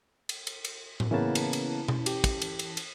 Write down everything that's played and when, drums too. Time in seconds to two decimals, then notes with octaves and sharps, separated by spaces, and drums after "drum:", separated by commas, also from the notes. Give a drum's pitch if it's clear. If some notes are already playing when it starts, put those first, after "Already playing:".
0.29 drum: cymbal
0.47 drum: cymbal
0.65 drum: cymbal
1.00 drum: tom A2
1.11 C#3 E3 A#3 B3 C#4 A5
1.35 drum: cymbal
1.53 drum: cymbal
1.88 drum: tom B2
2.06 G4, drum: cymbal
2.24 drum: kick, cymbal
2.42 drum: cymbal
2.59 drum: cymbal
2.77 drum: cymbal